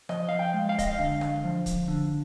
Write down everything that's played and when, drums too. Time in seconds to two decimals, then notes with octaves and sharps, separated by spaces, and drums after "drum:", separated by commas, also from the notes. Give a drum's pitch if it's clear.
0.09 F3 D#5, drum: rim click
0.29 F5
0.39 G5
0.54 G#3
0.69 F5
0.79 D#5, drum: kick, hi-hat
0.87 F5
0.99 D3
1.21 drum: rim click
1.44 F3
1.66 drum: kick, hi-hat
1.88 D3